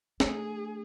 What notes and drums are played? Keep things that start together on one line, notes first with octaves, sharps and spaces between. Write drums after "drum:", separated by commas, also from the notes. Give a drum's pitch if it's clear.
A3 D4 G#4, drum: snare